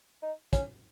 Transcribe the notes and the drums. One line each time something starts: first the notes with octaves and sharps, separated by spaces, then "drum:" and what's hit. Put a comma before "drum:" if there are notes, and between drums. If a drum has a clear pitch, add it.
D#4
C#4, drum: kick, hi-hat